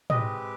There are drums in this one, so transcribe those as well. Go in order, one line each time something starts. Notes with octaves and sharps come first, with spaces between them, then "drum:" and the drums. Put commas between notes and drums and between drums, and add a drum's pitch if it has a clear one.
G#3 C4 G4 B4 D#5, drum: tom